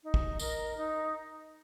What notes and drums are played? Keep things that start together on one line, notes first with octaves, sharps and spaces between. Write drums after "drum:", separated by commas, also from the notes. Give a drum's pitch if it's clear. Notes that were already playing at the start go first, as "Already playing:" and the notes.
D#4
drum: kick
A#4 D#5, drum: tambourine
D#4